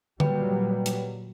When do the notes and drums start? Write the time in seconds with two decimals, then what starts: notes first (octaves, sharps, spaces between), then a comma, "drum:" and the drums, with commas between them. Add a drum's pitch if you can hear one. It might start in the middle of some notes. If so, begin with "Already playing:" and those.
0.20 A#2 F#3 G3 B4 G5, drum: tom D3
0.86 drum: hi-hat